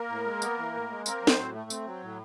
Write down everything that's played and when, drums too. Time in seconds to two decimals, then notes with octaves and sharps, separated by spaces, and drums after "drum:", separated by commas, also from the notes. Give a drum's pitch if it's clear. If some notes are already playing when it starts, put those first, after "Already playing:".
Already playing: A#3 A#4
0.09 A2
0.26 G#3
0.42 B3, drum: tambourine
0.58 E3
0.74 A2
0.90 G#3
1.06 A#3 C4 A#4, drum: tambourine
1.22 F#3
1.27 C4 C5, drum: snare
1.38 A2
1.54 A3
1.70 C4, drum: tambourine
1.87 F#3
2.03 A2